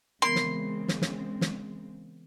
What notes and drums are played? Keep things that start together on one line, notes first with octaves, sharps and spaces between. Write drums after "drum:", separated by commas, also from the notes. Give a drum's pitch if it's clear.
C#3 E3 G#3 B3 C4 A#4 C6
drum: snare
drum: snare
drum: snare
drum: snare